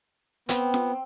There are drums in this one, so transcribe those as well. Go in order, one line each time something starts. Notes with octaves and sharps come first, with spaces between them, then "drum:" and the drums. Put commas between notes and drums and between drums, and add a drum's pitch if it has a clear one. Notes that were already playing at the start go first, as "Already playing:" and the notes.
B3 C4, drum: hi-hat
drum: snare F4